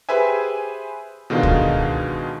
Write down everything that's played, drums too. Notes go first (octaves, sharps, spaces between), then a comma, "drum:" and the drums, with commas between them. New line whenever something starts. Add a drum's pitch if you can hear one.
G4 G#4 B4 C5 E5 G#5
B2 D3 D#3 G#3 D#4 F4
drum: kick